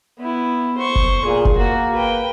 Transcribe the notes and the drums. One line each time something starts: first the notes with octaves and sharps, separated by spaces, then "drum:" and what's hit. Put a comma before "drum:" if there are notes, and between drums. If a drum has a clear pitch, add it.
B3 E4
C5 C#6
drum: kick F#1
A#2 G#4
drum: kick F#1
A#3 F#4
B4 G5